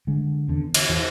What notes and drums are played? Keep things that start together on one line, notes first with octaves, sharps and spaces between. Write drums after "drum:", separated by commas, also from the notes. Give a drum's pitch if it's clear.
D3 G#3
E2 D3
drum: cymbal
E3